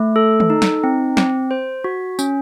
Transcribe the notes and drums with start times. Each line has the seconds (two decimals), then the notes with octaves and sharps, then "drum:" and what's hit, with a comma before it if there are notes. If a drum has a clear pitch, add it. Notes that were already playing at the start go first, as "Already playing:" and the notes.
Already playing: A3
0.16 A4
0.40 drum: tom
0.50 D#4
0.62 drum: snare
0.84 C4
1.17 C4, drum: snare
1.51 C5
1.84 F#4
2.19 C#4, drum: tambourine